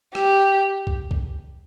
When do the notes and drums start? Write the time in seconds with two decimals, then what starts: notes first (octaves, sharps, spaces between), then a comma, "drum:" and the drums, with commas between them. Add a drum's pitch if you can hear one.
0.15 G4, drum: rim click
0.87 drum: kick B1
1.11 drum: kick B1